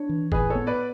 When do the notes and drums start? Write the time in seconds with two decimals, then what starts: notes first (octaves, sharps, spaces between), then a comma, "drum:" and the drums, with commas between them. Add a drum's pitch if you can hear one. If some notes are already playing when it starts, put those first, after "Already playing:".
Already playing: D4 C#5
0.09 E3
0.32 A2 G#4 B4, drum: kick F#1
0.50 A4 C#5
0.55 B3
0.67 B4 D5